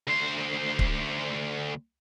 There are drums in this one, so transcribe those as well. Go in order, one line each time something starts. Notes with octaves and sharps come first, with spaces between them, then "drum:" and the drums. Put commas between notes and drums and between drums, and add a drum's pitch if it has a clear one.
D2 C5
drum: kick C#1